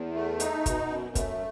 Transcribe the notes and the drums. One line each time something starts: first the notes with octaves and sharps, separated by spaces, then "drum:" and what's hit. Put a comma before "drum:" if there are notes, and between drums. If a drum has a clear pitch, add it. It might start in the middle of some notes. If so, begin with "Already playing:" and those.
Already playing: E2
A3
D#4, drum: hi-hat
B2, drum: kick, hi-hat
F#2
A3, drum: kick, hi-hat